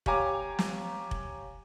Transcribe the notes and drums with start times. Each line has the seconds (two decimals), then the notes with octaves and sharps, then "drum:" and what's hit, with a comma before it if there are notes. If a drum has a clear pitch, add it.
0.06 G4 C#5 F5 G#5 A#5 D6, drum: kick F1
0.59 drum: snare
1.11 drum: kick F1